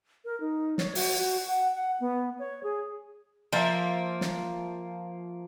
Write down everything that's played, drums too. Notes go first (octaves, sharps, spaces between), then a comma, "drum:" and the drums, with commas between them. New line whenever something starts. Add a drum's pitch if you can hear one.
A#4
D#4
C#5, drum: snare
F#4, drum: open hi-hat
F#4
F#5
F#5
B3
C#5
G#4
F3 A#3 E5
drum: snare